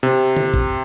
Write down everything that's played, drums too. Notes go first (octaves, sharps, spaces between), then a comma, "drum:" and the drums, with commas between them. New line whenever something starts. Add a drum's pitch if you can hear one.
C3
drum: tom D3
drum: kick